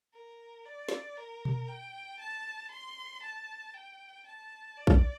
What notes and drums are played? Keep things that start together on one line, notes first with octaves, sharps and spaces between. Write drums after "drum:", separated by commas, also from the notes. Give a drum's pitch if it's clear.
A#4
D5
drum: snare
A#4
drum: tom B2
G5
A5
C6
A5
G5
A5
D5
drum: kick